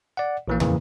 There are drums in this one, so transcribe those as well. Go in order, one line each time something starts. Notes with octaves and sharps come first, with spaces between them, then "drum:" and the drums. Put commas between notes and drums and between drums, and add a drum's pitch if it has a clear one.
D5 F#5
A#1 E3 A#3
F2 C#3 E3 F3 A#3, drum: tom